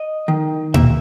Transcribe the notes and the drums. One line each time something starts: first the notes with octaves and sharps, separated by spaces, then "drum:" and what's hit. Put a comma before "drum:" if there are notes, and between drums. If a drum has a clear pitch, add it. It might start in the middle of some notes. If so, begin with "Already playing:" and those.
Already playing: D#5
D#3
A#3 E5, drum: tom A#2